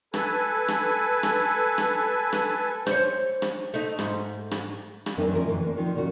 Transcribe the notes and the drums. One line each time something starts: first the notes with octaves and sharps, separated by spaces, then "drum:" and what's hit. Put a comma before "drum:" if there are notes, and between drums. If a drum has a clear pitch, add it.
A4 B4 G#5, drum: rim click
drum: rim click
drum: rim click
drum: rim click
drum: rim click
C5 C#5, drum: rim click
drum: rim click
A3 D#4
G#2, drum: rim click
drum: rim click
drum: rim click
F#2 D#3 C4 D4 B4 E5
F3 A3 E4 A#4
B2 D3 E3
A#3 D4
D#3 F3 C4
A#2 C#3 F#4